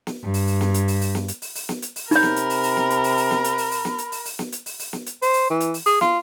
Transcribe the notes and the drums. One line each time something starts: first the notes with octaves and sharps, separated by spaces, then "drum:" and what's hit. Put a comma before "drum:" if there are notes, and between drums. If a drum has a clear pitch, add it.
drum: snare
G2
drum: open hi-hat
drum: open hi-hat
drum: snare
drum: hi-hat
drum: open hi-hat
drum: open hi-hat
drum: snare
drum: hi-hat
drum: open hi-hat
drum: open hi-hat
drum: snare
drum: hi-hat
drum: open hi-hat
C3 D#4 A#4 C#5 B5, drum: open hi-hat
drum: snare
drum: hi-hat
drum: open hi-hat
drum: open hi-hat
drum: snare
drum: hi-hat
drum: open hi-hat
drum: open hi-hat
drum: snare
drum: hi-hat
drum: open hi-hat
drum: open hi-hat
drum: snare
drum: hi-hat
drum: open hi-hat
drum: open hi-hat
drum: snare
drum: hi-hat
drum: open hi-hat
drum: open hi-hat
drum: snare
drum: hi-hat
C5, drum: open hi-hat
drum: open hi-hat
E3
drum: hi-hat
drum: open hi-hat
G#4, drum: open hi-hat
F4, drum: snare